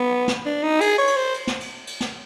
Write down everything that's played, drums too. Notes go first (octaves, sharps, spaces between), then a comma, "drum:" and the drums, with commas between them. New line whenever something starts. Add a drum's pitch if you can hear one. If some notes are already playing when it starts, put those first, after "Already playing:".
Already playing: B3
drum: snare
D4
D#4
G#4, drum: cymbal
C#5
drum: cymbal
C5
drum: cymbal
drum: snare
drum: cymbal
drum: cymbal
drum: snare